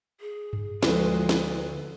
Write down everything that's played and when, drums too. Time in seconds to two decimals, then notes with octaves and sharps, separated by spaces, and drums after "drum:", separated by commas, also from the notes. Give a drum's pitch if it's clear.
0.21 G#4
0.53 drum: tom G2
0.83 D2 E3 F3 G#3 B4, drum: snare
1.29 drum: snare